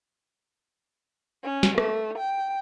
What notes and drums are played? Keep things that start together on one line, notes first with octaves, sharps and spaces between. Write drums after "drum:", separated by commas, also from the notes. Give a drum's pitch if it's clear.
C#4
drum: snare
A3, drum: rim click
G5